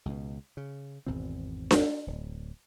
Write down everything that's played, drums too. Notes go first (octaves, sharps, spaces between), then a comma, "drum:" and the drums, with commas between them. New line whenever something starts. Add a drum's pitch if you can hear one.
C#2 B2
C#3
G#1 E2 B2 C4
drum: snare D4
D1